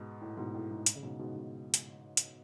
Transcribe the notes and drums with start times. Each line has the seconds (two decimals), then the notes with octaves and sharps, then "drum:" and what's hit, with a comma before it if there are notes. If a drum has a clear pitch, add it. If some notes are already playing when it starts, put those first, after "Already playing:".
Already playing: G#2 B2
0.21 A2
0.37 G#2 B2
0.54 A2
0.71 G#2
0.86 A2, drum: hi-hat
0.96 C#3
1.02 G#2 B2
1.19 G#2 B2
1.36 B2
1.74 drum: hi-hat
2.17 drum: hi-hat